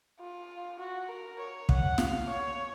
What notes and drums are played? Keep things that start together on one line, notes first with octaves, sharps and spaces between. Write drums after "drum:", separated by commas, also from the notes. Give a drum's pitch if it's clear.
F4
F#4
A#4
C#5
F#5, drum: kick
F5, drum: snare
C#5